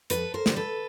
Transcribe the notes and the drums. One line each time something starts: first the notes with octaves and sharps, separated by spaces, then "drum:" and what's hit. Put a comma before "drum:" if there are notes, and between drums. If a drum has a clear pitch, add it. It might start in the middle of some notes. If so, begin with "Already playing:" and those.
F2 A4 B4, drum: hi-hat
A#4 C5
D3 G3, drum: snare
A4 B4